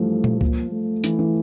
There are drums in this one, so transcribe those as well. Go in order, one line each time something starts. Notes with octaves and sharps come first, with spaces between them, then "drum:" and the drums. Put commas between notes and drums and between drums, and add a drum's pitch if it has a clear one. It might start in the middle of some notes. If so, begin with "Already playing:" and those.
Already playing: G2 E3 F3 G3 A3
drum: tom A#2
A#3, drum: kick C#2
A3
E3, drum: hi-hat
E3